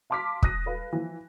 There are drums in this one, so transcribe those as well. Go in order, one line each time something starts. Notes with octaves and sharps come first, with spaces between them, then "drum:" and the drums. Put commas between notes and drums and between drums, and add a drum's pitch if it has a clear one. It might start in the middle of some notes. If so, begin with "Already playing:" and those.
F5 A5 C6 D6 F6 B6
D#6 F#6 A#6 D#7, drum: kick
A4 B4 F5
E3 F3